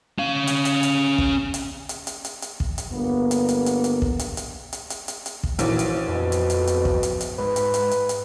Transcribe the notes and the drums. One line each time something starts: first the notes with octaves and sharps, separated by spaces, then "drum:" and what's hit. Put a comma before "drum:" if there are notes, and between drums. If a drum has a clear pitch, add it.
C#4 F5
drum: hi-hat
drum: hi-hat
drum: hi-hat
drum: kick
drum: hi-hat
drum: hi-hat
drum: hi-hat
drum: hi-hat
drum: hi-hat
drum: kick
drum: hi-hat
G1 A#3 B3
drum: hi-hat
drum: hi-hat
drum: hi-hat
drum: hi-hat
drum: kick
drum: hi-hat
drum: hi-hat
drum: hi-hat
drum: hi-hat
drum: hi-hat
drum: hi-hat
drum: kick
A#1 F#2 E3, drum: hi-hat
drum: hi-hat
F2 B2
drum: hi-hat
drum: hi-hat
drum: hi-hat
drum: kick
drum: hi-hat
drum: hi-hat
G#2 B4
drum: hi-hat
drum: hi-hat
drum: hi-hat
drum: hi-hat